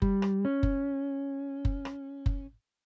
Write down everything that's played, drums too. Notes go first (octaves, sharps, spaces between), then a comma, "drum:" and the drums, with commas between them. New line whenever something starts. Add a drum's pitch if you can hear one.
G3, drum: kick F#1
drum: rim click
C#4
drum: kick F#1
drum: kick F#1
drum: rim click
drum: kick F#1